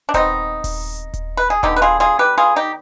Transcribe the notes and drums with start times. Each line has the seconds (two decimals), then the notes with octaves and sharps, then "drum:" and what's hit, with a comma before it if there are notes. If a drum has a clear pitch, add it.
0.09 D4
0.14 D#3 B3 C4 D#4, drum: kick D#1, hi-hat
0.64 drum: kick D#1, open hi-hat
1.14 drum: kick D#1, hi-hat
1.37 B4
1.50 G#4
1.63 D3 G#3 B3 D#4 G4, drum: kick D#1
1.76 B4
1.82 F4 G#4
2.00 F4 G#4
2.19 G4 B4
2.38 F4 G#4
2.56 D#4 G4